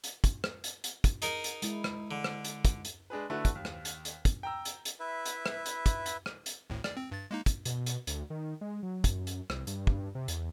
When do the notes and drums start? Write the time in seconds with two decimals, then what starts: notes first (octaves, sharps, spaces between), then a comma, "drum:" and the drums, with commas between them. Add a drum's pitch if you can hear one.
0.04 drum: hi-hat
0.24 drum: kick, hi-hat
0.44 drum: rim click
0.64 drum: hi-hat
0.84 drum: hi-hat
1.04 drum: kick, hi-hat
1.22 D#4 G#4 A#4, drum: hi-hat
1.44 drum: hi-hat
1.62 G#3 E4, drum: hi-hat
1.84 drum: rim click
2.11 D3
2.24 drum: rim click
2.45 drum: hi-hat
2.65 drum: kick, hi-hat
2.85 drum: hi-hat
3.10 G#3 D4 G#4 B4
3.30 D3 A3 E4 F#4 B4
3.45 drum: kick, hi-hat
3.55 D#2
3.65 drum: rim click
3.85 drum: hi-hat
4.05 drum: hi-hat
4.25 drum: kick, hi-hat
4.43 G5 A#5 E6
4.65 drum: hi-hat
4.85 drum: hi-hat
5.00 E4 B4 E5
5.26 drum: hi-hat
5.46 drum: rim click
5.66 drum: hi-hat
5.86 drum: kick, hi-hat
6.06 drum: hi-hat
6.26 drum: rim click
6.46 drum: hi-hat
6.70 G#1 D2 A2
6.84 D5, drum: rim click
6.97 C4
7.11 G2 A6
7.31 G#3 A#3 D#4
7.46 drum: kick, hi-hat
7.65 B2, drum: hi-hat
7.86 drum: hi-hat
8.07 D2, drum: hi-hat
8.30 D#3
8.61 G#3
8.83 F#3
9.04 F#2, drum: kick, hi-hat
9.27 drum: hi-hat
9.50 C2, drum: rim click
9.67 G2, drum: hi-hat
9.87 drum: kick
10.15 C3
10.28 E2, drum: hi-hat